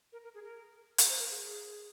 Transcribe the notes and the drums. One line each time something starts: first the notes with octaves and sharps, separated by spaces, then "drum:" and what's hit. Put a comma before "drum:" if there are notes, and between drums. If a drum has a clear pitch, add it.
A#4
A#4
G#4
A#4
A#4, drum: hi-hat
C5
A#4
G#4
G#4